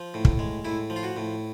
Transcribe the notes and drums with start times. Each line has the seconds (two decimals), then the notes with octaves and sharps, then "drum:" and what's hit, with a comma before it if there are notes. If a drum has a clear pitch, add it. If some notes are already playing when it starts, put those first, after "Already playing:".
Already playing: F3
0.14 A2
0.25 drum: kick
0.39 G#3
0.65 A2 E4
0.90 F3
0.96 F4
1.03 F#4
1.17 A2